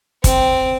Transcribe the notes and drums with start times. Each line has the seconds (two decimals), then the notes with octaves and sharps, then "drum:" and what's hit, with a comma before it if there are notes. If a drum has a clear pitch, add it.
0.24 C4, drum: kick, hi-hat